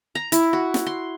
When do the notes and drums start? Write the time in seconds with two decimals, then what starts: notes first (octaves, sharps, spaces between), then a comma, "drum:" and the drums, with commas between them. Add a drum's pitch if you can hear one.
0.15 A#5
0.32 E4, drum: hi-hat
0.53 F#4
0.74 drum: snare
0.86 C6